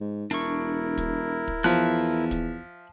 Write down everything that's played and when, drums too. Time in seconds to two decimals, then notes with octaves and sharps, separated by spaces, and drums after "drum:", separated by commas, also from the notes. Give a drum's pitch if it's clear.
0.01 G#2
0.31 E1 D4 E4 A#4 C#6, drum: open hi-hat
0.98 drum: kick, hi-hat
1.48 drum: kick
1.64 E2 F3 E5 F#6, drum: open hi-hat
2.31 drum: kick, hi-hat